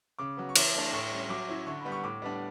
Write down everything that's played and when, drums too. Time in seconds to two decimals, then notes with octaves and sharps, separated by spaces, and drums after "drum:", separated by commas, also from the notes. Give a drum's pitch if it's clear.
0.19 C#3 D6
0.37 F#3 B3
0.49 C#6
0.56 E3 D6, drum: cymbal
0.74 A3 D4
0.92 A2 C#6
1.11 G3 C#4
1.29 F#3 D6
1.48 C#4 E4
1.66 D3 C#6
1.81 G3 B3 B5
1.92 C#6
2.04 A2 D6
2.22 G3 B3 D4